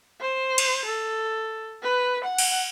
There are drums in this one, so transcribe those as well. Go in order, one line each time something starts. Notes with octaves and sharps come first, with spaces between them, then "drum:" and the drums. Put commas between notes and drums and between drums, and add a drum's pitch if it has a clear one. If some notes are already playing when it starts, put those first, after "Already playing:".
C5
drum: cymbal
A4
B4
F#5
drum: cymbal